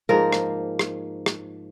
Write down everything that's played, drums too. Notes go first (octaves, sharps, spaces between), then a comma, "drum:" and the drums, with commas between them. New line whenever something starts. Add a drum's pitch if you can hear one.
G#2 F3 A#3 A#4
drum: rim click
drum: rim click
drum: rim click